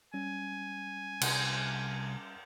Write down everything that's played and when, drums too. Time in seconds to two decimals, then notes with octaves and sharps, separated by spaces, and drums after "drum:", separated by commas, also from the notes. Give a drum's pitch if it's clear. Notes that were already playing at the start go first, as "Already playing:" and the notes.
0.14 G3 C#4 G#5
1.21 C2, drum: cymbal